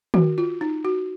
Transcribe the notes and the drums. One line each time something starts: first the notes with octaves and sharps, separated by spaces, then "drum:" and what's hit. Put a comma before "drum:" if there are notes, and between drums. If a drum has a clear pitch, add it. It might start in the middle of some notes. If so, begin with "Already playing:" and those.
F#4, drum: tom D#3
F4
D#4
F#4